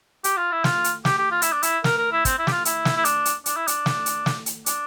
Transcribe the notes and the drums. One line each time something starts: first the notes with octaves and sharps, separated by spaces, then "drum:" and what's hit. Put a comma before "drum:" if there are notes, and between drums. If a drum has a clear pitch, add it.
G4, drum: hi-hat
F4
E4
F4, drum: snare
drum: hi-hat
G4, drum: snare
G4
F4
E4, drum: hi-hat
D4
E4, drum: hi-hat
A#4, drum: snare
A#4
E4
C4, drum: kick, hi-hat
E4
G4, drum: snare
F4
E4, drum: hi-hat
drum: snare
E4
D4, drum: hi-hat
drum: hi-hat
D4, drum: hi-hat
E4
D4, drum: hi-hat
drum: snare
drum: hi-hat
drum: snare
drum: hi-hat
D4, drum: hi-hat